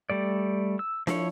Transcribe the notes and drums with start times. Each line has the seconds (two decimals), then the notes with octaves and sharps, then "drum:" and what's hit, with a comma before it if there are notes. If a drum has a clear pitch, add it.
0.10 G3 A3 D5
0.79 E6
1.07 F3 E4 C#5, drum: snare D4